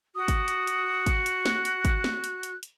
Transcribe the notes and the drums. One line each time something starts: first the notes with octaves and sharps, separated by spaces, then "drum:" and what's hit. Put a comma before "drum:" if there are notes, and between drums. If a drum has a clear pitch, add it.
F#4 D#6
drum: kick, hi-hat
drum: hi-hat
drum: hi-hat
drum: kick, hi-hat
drum: hi-hat
F#6, drum: snare
drum: hi-hat
drum: kick, hi-hat
drum: snare
drum: hi-hat
drum: hi-hat
drum: hi-hat